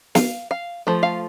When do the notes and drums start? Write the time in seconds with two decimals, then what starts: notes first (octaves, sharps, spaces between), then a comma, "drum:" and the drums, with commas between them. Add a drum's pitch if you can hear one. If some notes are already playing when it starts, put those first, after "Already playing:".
0.15 F5, drum: snare
0.51 F5
0.87 F3 A3
1.03 F5